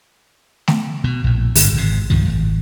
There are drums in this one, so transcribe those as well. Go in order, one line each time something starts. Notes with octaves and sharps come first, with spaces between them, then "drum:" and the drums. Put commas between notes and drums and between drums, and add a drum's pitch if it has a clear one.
drum: snare A3
B2
A#1 A2
G1 G#2 D3, drum: open hi-hat
G#1 G#2 C3
C2 G2 D#3 F3
D1 G#1